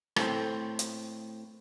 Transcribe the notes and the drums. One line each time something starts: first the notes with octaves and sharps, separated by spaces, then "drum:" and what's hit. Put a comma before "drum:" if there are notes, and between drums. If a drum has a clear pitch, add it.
A2 C4, drum: rim click
drum: hi-hat